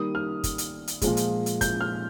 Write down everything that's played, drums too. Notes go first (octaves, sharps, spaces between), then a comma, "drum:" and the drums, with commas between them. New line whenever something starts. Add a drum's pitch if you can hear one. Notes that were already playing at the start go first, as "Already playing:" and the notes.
Already playing: D#3 G3 A#3 D#6
F6
drum: kick, hi-hat
drum: hi-hat
drum: hi-hat
A#2 F3 G#3, drum: kick, hi-hat
drum: hi-hat
drum: hi-hat
G6, drum: kick, hi-hat
F6